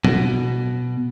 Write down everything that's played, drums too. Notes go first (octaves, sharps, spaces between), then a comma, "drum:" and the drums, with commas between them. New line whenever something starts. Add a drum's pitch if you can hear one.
B2, drum: tom F#3